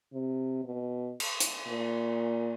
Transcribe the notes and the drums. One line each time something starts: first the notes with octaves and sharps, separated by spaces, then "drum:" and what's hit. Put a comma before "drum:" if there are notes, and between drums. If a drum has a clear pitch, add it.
C3
B2
drum: cymbal
drum: hi-hat
A#2